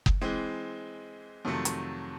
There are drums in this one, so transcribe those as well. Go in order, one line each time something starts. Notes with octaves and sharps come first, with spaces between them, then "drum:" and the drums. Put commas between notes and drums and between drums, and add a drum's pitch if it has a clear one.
drum: kick F#1
E3 G#3 C4
F2 C3 D#3 F#3 A3
drum: hi-hat